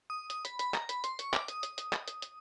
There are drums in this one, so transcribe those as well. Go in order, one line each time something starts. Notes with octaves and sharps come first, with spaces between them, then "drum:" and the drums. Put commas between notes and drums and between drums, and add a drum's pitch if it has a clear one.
D#6
D#6, drum: hi-hat
B5, drum: hi-hat
B5, drum: hi-hat
A#5, drum: clap
B5, drum: hi-hat
C6, drum: hi-hat
C#6, drum: hi-hat
D6, drum: clap
D#6, drum: hi-hat
drum: hi-hat
drum: hi-hat
drum: clap
drum: hi-hat
drum: hi-hat